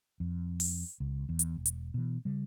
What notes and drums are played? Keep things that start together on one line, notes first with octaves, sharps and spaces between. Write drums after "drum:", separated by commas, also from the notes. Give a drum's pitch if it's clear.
F2
drum: open hi-hat
C#2
E2
drum: hi-hat
E1
drum: hi-hat
B2 E3
C#3 G3